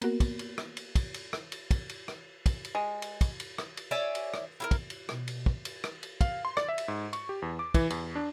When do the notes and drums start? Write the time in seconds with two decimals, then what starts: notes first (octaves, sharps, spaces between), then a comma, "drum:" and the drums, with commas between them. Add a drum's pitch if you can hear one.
0.02 A#3 B3 F#4 A#4, drum: cymbal
0.20 drum: kick, cymbal
0.39 drum: cymbal
0.58 drum: rim click
0.77 drum: cymbal
0.95 drum: kick, cymbal
1.14 drum: cymbal
1.33 drum: rim click
1.52 drum: cymbal
1.71 drum: kick, cymbal
1.89 drum: cymbal
2.08 drum: rim click
2.46 drum: kick, cymbal
2.65 drum: cymbal
2.75 G#3
3.02 drum: cymbal
3.21 drum: kick, cymbal
3.40 drum: cymbal
3.58 drum: rim click
3.77 drum: cymbal
3.91 C#5 D5 E5 G#5
4.15 drum: cymbal
4.34 drum: rim click
4.60 E4 F4 A#4
4.71 drum: kick, cymbal
4.90 drum: cymbal
5.09 B2, drum: rim click
5.28 drum: cymbal
5.46 drum: kick
5.65 drum: cymbal
5.84 drum: rim click
6.03 drum: cymbal
6.21 F5, drum: kick, cymbal
6.45 C6
6.57 D5, drum: rim click
6.69 E5
6.78 drum: cymbal
6.88 G#2
7.13 C#6, drum: cymbal
7.29 G4
7.42 E2
7.59 D6
7.74 E3, drum: kick, cymbal
7.90 E2, drum: cymbal
8.15 D4